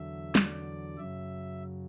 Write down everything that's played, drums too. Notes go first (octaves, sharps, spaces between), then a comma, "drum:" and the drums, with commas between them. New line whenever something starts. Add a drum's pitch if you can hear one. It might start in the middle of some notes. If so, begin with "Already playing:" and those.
Already playing: E2 D3 F#3 E5
D5, drum: snare
F#2 C#3 F#3 E5